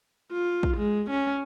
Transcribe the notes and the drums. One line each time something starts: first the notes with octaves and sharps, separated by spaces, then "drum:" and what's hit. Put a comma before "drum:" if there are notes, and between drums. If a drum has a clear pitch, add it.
F4
drum: kick
G#3
C#4